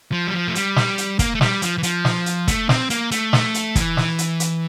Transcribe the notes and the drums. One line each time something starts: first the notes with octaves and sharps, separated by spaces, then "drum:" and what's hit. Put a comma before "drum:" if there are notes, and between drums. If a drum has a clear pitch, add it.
F3
G3
F3
A3
G3, drum: hi-hat
drum: snare
drum: hi-hat
A#3, drum: kick, hi-hat
A3
G3, drum: snare
F3, drum: hi-hat
E3
F3, drum: hi-hat
drum: snare
drum: hi-hat
A3, drum: kick, hi-hat
C4, drum: snare
A#3, drum: hi-hat
A3, drum: hi-hat
drum: snare
drum: hi-hat
E3, drum: kick, hi-hat
drum: snare
drum: hi-hat
drum: hi-hat